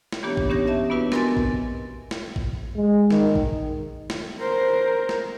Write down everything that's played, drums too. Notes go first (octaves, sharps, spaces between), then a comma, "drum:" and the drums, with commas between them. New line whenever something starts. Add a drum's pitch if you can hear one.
drum: snare
E3 A#3 B3 D4 G4 C#5
drum: kick
C#4 D#4 G4 C#5 A#6
D#5 E5 A5
B3 D4 E4 F#4 B4
C4 A#4 D#5 G#5 C6 A6, drum: snare
drum: kick
drum: snare
drum: kick
G#3
D#3, drum: snare
drum: kick
drum: snare
A#4 C5
drum: snare